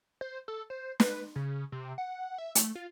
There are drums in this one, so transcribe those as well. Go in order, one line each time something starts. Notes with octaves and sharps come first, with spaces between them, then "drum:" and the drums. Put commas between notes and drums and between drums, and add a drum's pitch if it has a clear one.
C5
A4
C5
B4, drum: snare
C#3
C3
F#5
E5
A3, drum: hi-hat
F4